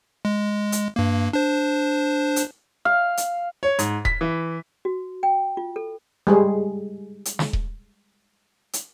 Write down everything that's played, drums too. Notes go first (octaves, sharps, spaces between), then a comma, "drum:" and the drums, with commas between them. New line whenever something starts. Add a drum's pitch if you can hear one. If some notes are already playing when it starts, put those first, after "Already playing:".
G#3
drum: hi-hat
G2 A#3
D4 C5
drum: hi-hat
F5
drum: hi-hat
C#5
G#2, drum: hi-hat
B6, drum: kick D#1
E3
F#4
G5
F4
A4
G3 G#3 G#4
drum: hi-hat
drum: snare
drum: kick D#1
drum: hi-hat